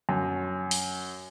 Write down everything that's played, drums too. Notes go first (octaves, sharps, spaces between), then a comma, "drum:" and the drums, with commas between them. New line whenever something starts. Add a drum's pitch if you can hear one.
F#2
drum: open hi-hat